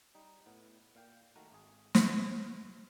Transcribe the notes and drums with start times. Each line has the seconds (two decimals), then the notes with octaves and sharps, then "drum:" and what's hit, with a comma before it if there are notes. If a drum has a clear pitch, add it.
0.15 G3 D#4
0.46 A2 B3
0.95 A#2 F5 G5
1.36 D#3 A3 F#4 A#4
1.50 G#1 G#4
1.95 drum: snare
2.08 B2